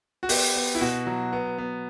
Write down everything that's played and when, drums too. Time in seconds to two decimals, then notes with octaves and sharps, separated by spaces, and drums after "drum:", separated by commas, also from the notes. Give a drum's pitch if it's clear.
0.23 F#4
0.29 B3 G4, drum: open hi-hat
0.56 B3
0.75 E4
0.81 B2 F#4
1.07 F#3
1.33 B3
1.58 B3